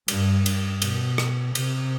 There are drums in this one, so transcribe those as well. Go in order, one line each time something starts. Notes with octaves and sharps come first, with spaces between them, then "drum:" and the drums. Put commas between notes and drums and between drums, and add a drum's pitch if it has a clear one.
G2, drum: cymbal
G2, drum: cymbal
B2, drum: cymbal
drum: rim click
C3, drum: cymbal